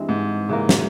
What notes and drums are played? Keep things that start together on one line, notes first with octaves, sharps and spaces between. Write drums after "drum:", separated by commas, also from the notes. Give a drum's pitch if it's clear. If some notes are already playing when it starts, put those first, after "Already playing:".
Already playing: G2 E3 G#3 C4
G#2
C#3 E3 A#3
drum: snare